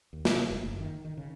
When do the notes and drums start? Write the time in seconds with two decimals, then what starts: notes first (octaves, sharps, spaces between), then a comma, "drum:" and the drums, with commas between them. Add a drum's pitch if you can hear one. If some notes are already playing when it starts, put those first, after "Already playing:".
0.13 D#2
0.25 C3, drum: snare
0.50 F1
0.66 F#1
0.80 D#3
1.05 D#3
1.17 C#3